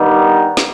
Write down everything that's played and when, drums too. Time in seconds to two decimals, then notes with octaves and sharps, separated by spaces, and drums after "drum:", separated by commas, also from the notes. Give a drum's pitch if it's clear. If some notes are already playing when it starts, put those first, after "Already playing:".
Already playing: G2 D#3 G3 B3 D#4
0.57 drum: snare